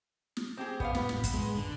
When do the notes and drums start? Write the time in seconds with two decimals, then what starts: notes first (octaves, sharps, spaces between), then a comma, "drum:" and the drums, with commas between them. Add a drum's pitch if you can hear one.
0.37 drum: snare
0.57 C4 G4 G#4
0.80 F2 B3 D5 F5, drum: kick
0.95 A2 B3 B4, drum: snare
1.09 drum: snare
1.23 drum: kick, hi-hat
1.34 G#3
1.57 F#2 D3